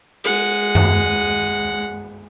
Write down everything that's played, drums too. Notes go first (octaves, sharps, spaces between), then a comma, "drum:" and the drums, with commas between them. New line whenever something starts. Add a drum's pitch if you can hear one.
G#3 F#5, drum: hi-hat
drum: tom F#2